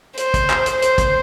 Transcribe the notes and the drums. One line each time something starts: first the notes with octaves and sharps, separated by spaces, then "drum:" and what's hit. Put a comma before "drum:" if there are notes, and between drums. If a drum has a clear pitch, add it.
C5, drum: hi-hat
drum: kick, hi-hat
drum: clap
drum: hi-hat
C5, drum: hi-hat
drum: kick, hi-hat